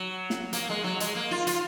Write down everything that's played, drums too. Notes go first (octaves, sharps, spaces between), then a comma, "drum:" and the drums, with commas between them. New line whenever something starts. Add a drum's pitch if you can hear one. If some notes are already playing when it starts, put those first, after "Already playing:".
Already playing: F#3
drum: snare
A#3, drum: hi-hat
G#3
F#3
G#3, drum: hi-hat
A#3
F4
F4, drum: hi-hat